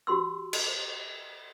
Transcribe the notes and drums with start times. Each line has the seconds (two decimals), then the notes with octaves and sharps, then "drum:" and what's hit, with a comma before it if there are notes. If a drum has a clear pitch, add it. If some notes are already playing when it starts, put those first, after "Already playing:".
0.07 F#4 G4 C6 E6
0.53 drum: cymbal